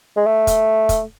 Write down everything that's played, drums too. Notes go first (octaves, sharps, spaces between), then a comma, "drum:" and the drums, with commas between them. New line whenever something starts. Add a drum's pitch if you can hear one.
G#3
A3
drum: kick, hi-hat
drum: kick, hi-hat